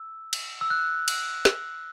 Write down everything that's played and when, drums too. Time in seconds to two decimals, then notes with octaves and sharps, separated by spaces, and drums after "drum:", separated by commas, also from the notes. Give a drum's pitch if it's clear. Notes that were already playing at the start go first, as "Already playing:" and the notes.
Already playing: E6
0.33 drum: cymbal
0.61 E6
0.70 F#6
1.08 drum: cymbal
1.45 drum: snare